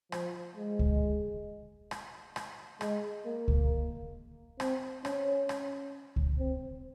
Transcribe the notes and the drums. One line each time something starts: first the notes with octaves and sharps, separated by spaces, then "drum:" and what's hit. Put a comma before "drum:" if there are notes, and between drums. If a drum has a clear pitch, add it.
F3, drum: rim click
G#3
drum: kick C#2
drum: rim click
drum: rim click
G#3, drum: rim click
A#3
drum: kick C#2
C4, drum: rim click
C#4, drum: rim click
drum: rim click
drum: kick C#2
C4